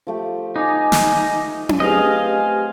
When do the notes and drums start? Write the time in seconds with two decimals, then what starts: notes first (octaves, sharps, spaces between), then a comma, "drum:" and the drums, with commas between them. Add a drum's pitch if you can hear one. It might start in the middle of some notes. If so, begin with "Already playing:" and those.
0.07 F3 A3 G4
0.56 D#4 G#5 D6 D#6
0.92 drum: snare
1.69 drum: tom C#4
1.80 A3 C4 G4 G#4 B4 D#5 F5 G#5